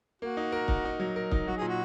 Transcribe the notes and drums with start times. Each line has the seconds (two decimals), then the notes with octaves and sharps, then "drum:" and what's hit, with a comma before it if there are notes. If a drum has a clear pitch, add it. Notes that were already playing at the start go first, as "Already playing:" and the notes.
0.22 A#3 F#4
0.37 D#4
0.52 A#4
0.68 D#4, drum: kick
0.85 D#4
1.00 F#3
1.16 A#4
1.32 D#4, drum: kick
1.47 F#3 F#4
1.57 A#2 G#4
1.68 F#4